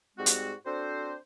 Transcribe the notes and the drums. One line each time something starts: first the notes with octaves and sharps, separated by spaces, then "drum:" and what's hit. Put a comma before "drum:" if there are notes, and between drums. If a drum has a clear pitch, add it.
G#2 G3 G#3 C4 F#4
drum: hi-hat
C4 D4 F#4 A4 C5